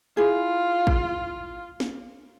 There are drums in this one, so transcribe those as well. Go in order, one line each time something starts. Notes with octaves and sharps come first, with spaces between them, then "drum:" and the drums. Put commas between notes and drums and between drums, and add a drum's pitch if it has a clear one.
E4 F4 G#4
drum: kick
drum: snare